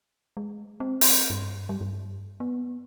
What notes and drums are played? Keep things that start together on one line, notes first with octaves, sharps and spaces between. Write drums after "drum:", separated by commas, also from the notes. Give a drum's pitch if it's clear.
G#3
C4
drum: open hi-hat
G2
G3
G2
B3